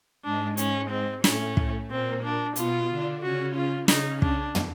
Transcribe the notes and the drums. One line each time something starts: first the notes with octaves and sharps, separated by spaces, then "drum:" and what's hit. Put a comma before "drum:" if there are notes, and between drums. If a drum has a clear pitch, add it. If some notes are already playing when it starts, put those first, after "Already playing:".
G#2 G#3 D4
G#2 G#3 C#4, drum: hi-hat
C4
A2 A3 C#4, drum: snare
drum: kick
A#2 A#3 C4
D4
B2 B3 F4, drum: hi-hat
D3 D4
C#3 C#4 F#4
F4
C#3 C#4 D#4, drum: snare
D4, drum: kick
drum: tom